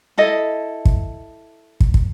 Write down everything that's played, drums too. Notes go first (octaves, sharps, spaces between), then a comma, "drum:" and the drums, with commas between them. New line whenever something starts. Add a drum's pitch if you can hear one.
E4 A4 D#5
drum: kick
drum: kick
drum: kick